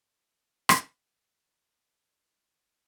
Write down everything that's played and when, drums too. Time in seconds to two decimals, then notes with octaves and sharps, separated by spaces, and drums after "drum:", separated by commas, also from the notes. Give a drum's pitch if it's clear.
0.69 drum: rim click
0.93 A2 D3 A#4 C5 F5
1.28 F2 G3 C6
1.79 C5
2.41 C#2 G#2 D5 A5